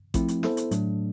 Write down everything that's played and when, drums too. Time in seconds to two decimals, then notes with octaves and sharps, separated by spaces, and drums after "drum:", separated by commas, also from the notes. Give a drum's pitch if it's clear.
0.14 F3 A3 C4 E4, drum: kick A1, hi-hat
0.28 drum: hi-hat
0.43 B3 E4 A4 C5, drum: snare
0.57 drum: hi-hat
0.71 A2 F#3 A3 D4, drum: hi-hat